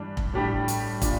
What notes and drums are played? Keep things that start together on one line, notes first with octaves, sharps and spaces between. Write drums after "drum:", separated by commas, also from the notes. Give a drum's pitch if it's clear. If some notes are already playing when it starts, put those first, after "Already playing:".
Already playing: G2 E3 G3 D4
drum: kick
A2 G3 D4 G4
drum: hi-hat
A#2 G3 D4 F4, drum: kick, hi-hat